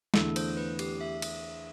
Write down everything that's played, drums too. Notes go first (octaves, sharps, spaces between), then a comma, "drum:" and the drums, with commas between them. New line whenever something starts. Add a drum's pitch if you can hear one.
E2 D3 A3 E4 A4, drum: snare
C5, drum: cymbal
B4
G4, drum: cymbal
E5
drum: cymbal